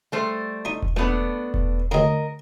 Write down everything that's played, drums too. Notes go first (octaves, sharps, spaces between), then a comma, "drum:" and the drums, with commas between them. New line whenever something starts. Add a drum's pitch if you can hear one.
G3 A3 C5
D4 D#4
drum: kick E1
A#1 A3 B3 D4
drum: kick E1
D2 C#3 A#4 D#5